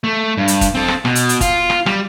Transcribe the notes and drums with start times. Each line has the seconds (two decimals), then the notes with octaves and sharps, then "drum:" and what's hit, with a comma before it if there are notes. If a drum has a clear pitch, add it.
0.04 A3
0.37 G2
0.48 drum: hi-hat
0.61 drum: kick, hi-hat
0.75 C4 A4
0.88 drum: rim click
1.05 B2, drum: rim click
1.15 drum: hi-hat
1.29 drum: hi-hat
1.41 F4, drum: kick, hi-hat
1.70 drum: rim click
1.86 G3, drum: rim click